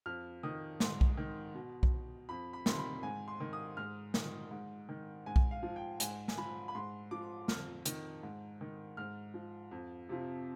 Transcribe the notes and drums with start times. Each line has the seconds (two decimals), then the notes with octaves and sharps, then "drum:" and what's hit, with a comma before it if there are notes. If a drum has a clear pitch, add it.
0.06 F2 F6
0.43 D#3 D#6
0.80 G#2 C6, drum: snare
1.01 drum: kick B1
1.17 D#3
1.55 B2
1.83 drum: kick B1
2.29 F2 B5
2.53 B5
2.66 C3 D#3 C6, drum: snare
2.79 B5
3.03 G#2 G#5
3.28 C6
3.40 D#3
3.53 D#6
3.77 G#2 F6
4.14 D#3, drum: snare
4.51 G#2
4.89 D#3
5.26 G#2 G#5
5.36 drum: kick B1
5.51 F5
5.63 F3
5.76 G5
6.00 G#2 G#5, drum: hi-hat
6.28 G#5, drum: snare
6.37 F3 B5
6.68 B5
6.75 G#2 C6
7.11 F3 D6
7.48 F2 F6, drum: snare
7.85 D#3, drum: hi-hat
8.23 G#2
8.61 D#3
8.97 G#2 F6
9.34 F3
9.71 F2
10.09 C3 F3